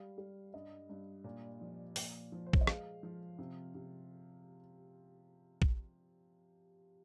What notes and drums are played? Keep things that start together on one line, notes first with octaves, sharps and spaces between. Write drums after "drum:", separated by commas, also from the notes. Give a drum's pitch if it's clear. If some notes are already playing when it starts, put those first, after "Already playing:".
Already playing: G3 F5
G3
G2 D#5
G2
A#2
F3
A#2, drum: open hi-hat
F3
C5
C#5, drum: kick
D#5
G#3 F5, drum: rim click
F3
C3
C3
drum: kick